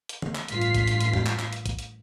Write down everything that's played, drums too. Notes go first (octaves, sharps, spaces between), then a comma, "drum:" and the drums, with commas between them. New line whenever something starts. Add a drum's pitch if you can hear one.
drum: hi-hat
drum: tom
drum: clap
A1 G2 F4 B6 C7, drum: hi-hat
drum: hi-hat
drum: kick, hi-hat
drum: hi-hat
drum: hi-hat
drum: tom
drum: clap
drum: clap
drum: hi-hat
drum: kick, hi-hat
drum: hi-hat